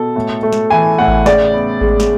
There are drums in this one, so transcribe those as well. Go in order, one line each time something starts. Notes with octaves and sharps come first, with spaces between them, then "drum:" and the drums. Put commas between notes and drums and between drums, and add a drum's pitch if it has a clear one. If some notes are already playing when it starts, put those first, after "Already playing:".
Already playing: B2 A4
A2
A3
drum: snare
E3 G#5
A2 F#5
drum: kick G#1
C#3 D5, drum: snare
B3
G#3, drum: kick G#1
drum: snare